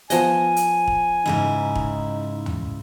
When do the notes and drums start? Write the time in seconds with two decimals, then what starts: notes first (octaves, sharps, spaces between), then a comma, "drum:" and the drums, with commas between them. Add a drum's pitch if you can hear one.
0.10 F3 B3 D#5 G#5, drum: hi-hat
0.56 drum: hi-hat
0.87 drum: kick
1.26 G#2 C#3 D#4 E4, drum: snare
1.75 drum: kick
2.46 drum: tom